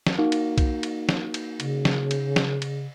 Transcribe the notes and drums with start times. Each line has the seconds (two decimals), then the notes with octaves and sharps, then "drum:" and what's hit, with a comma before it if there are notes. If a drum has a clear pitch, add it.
0.07 drum: snare
0.18 A#3 D#4 F#4
0.32 drum: cymbal
0.58 drum: kick B1, cymbal
0.83 drum: cymbal
1.09 drum: snare
1.34 drum: cymbal
1.60 C#3, drum: cymbal
1.85 drum: snare
2.11 drum: cymbal
2.36 drum: snare
2.62 drum: cymbal